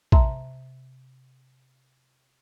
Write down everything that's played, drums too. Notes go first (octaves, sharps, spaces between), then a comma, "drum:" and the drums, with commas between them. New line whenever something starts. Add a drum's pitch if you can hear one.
C3 E5 A5 A#5 C6, drum: kick